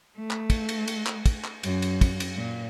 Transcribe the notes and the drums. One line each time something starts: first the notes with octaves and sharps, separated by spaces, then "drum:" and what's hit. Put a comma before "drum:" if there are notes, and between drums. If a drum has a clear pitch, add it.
A3
drum: clap
drum: kick, cymbal
drum: cymbal
drum: cymbal
drum: clap
drum: kick, cymbal
drum: clap
F#2, drum: cymbal
drum: cymbal
drum: kick, cymbal
drum: cymbal
A#2